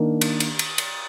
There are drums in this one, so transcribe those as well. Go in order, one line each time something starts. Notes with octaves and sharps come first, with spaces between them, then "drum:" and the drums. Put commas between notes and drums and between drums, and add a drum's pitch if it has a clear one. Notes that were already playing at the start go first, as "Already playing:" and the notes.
Already playing: D#3 A#3 D4
drum: cymbal
drum: cymbal
drum: cymbal
drum: cymbal